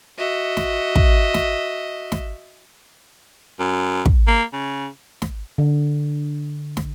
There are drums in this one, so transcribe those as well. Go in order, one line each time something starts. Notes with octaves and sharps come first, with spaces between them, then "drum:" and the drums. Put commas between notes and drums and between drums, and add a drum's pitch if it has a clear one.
F#4 D#5 E5
drum: snare
drum: kick
drum: snare
drum: snare
F#2
drum: kick
A#3
C#3
drum: snare
D3
drum: snare